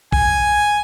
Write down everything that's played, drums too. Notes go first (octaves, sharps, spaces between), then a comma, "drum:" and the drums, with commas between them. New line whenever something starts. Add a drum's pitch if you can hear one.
G#5, drum: kick